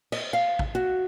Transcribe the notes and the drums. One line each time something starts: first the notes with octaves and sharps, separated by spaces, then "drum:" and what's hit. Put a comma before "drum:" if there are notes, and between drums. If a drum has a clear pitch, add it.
D#5, drum: cymbal
F5
drum: kick
F#4